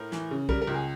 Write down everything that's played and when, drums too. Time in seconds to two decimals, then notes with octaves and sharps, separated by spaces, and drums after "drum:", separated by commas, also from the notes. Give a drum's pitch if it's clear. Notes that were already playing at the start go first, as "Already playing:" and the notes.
Already playing: A2 A#4
0.12 E3, drum: snare
0.31 C#3
0.49 G3 A#4, drum: kick
0.62 A#4
0.67 C#2
0.75 G#4